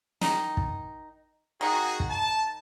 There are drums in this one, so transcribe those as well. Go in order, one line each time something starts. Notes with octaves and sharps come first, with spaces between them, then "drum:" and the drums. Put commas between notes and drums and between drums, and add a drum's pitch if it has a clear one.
D#3 D#4, drum: snare
drum: kick
D#3 D#4 F#4 G#4
drum: kick
A5